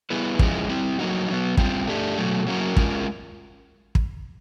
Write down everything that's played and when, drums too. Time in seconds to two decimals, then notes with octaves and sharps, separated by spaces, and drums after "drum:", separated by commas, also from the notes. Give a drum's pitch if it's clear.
0.10 G3 B3 E4 G#4 B4
0.39 F3 G#3 C#4 E4, drum: kick
0.69 G3 C4 E4
0.99 F#3 A#3 D#4 F#4
1.29 D3 F#3 B3
1.57 G3 C4 F4, drum: kick
1.87 A3 D4 G4
2.17 B2 F#3 A3
2.47 F#3 A#3 C#4 F#4 A#4
2.77 G#3 C#4 F4 A#4, drum: kick
3.95 drum: kick